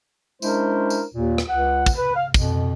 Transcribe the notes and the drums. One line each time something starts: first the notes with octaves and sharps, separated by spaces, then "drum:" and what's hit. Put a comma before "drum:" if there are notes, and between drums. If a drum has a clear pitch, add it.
G#3 C#4 D4 E4 A#4 C5, drum: tambourine
drum: tambourine
D#2 A#2
drum: rim click
C#2 F#5
drum: kick, tambourine
B4
F5
F2 B2, drum: kick, tambourine